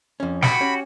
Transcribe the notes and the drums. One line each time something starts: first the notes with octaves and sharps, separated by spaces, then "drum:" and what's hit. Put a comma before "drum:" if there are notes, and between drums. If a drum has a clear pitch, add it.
F2 C#4
F#4 F#5 G5 B5, drum: snare
C#4 G4